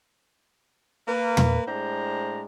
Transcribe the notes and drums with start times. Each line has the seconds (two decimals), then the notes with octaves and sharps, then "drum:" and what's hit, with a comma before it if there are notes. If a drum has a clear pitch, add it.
1.08 A#3 B4
1.37 drum: tom
1.67 A2 G#3 D4 C5 A#5